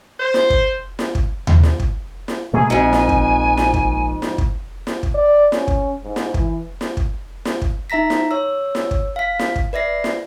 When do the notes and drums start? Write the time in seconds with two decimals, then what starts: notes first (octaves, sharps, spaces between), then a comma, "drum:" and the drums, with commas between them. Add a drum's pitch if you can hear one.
0.18 C5
0.34 drum: snare
0.50 drum: kick
0.99 drum: snare
1.15 drum: kick
1.47 drum: tom D#2
1.63 drum: snare
1.80 drum: kick
2.28 drum: snare
2.53 B2 A3 A#3 G#4
2.70 A#1 F2 G#2 G#5
2.93 drum: snare
3.09 drum: kick
3.57 drum: snare
3.74 drum: kick
4.22 drum: snare
4.38 drum: kick
4.87 drum: snare
5.03 drum: kick
5.14 D5
5.52 C#4, drum: snare
5.68 drum: kick
6.03 G#2
6.16 drum: snare
6.34 E3, drum: kick
6.81 drum: snare
6.97 drum: kick
7.45 drum: snare
7.62 drum: kick
7.90 D#4 E5 A#5 A#6 B6
8.10 drum: snare
8.31 C#5 E6
8.75 drum: snare
8.91 drum: kick
9.16 F5 B6
9.39 drum: snare
9.56 drum: kick
9.73 B4 D5 E5 A#6 C7
10.04 drum: snare